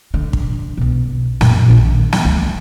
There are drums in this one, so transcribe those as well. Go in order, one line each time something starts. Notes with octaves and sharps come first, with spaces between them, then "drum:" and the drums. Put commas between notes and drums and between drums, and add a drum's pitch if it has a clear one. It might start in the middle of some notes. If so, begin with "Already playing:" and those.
D3
drum: kick
B1 B2
F#2 A#2, drum: snare
A#1 D#3
drum: snare
D2